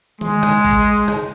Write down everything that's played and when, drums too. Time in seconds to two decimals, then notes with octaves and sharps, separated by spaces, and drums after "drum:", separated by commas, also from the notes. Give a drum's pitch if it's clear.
0.21 G#3, drum: tom D#3
0.43 drum: rim click
0.65 drum: kick, cymbal
1.08 drum: rim click